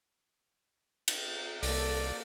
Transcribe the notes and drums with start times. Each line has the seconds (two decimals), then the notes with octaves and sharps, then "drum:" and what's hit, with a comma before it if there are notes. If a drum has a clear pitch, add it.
1.08 drum: cymbal
1.63 C2 A#3 A4 D5, drum: open hi-hat